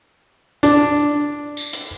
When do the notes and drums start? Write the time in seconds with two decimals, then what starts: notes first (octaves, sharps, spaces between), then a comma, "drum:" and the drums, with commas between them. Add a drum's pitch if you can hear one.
0.63 D4, drum: hi-hat
1.57 drum: tambourine
1.73 drum: hi-hat